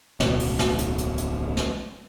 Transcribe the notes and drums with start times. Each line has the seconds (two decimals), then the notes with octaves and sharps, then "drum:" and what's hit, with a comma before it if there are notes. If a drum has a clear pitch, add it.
0.20 D1 B1 B2, drum: snare
0.39 drum: open hi-hat
0.59 drum: snare
0.79 drum: hi-hat
0.98 drum: hi-hat
1.18 drum: hi-hat
1.57 drum: snare